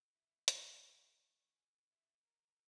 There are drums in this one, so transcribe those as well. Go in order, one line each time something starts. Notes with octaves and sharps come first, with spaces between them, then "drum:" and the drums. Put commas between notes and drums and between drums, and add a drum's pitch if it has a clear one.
E4
G#6, drum: hi-hat
G5
C#6
G#5
E5
A#4